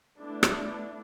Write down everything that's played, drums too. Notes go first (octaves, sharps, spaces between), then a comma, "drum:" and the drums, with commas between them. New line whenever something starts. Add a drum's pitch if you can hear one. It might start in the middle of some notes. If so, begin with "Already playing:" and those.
A3 B3 D4 E4
drum: rim click